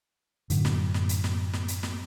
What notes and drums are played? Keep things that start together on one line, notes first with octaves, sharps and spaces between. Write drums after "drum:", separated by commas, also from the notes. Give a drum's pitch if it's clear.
F#2 A2 D3 F#3, drum: hi-hat
drum: snare
drum: snare
drum: hi-hat
drum: snare
drum: snare
drum: hi-hat
drum: snare